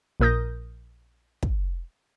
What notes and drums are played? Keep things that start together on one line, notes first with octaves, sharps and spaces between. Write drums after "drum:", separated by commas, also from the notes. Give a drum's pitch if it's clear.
A#1 A#2 A#4 D#6 G6 A#6
drum: kick